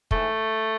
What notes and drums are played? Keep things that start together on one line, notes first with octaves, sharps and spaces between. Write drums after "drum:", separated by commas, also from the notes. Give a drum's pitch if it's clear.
G#2 E3 A3, drum: kick